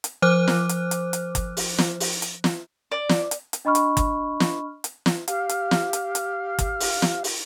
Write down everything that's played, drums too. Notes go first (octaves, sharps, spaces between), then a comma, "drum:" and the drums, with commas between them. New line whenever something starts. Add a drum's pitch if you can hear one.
drum: hi-hat
F3 C5 D6 F6 F#6
drum: snare
drum: hi-hat
drum: hi-hat
drum: hi-hat
drum: kick, hi-hat
drum: open hi-hat
drum: snare
drum: open hi-hat
drum: hi-hat
drum: snare
D5
drum: snare
drum: hi-hat
drum: hi-hat
D4 D#5 B5 C#6 F6
drum: hi-hat
drum: kick, hi-hat
drum: snare
drum: hi-hat
drum: snare
G4 F5, drum: hi-hat
drum: hi-hat
drum: snare
drum: hi-hat
drum: hi-hat
drum: kick, hi-hat
drum: open hi-hat
drum: snare
drum: open hi-hat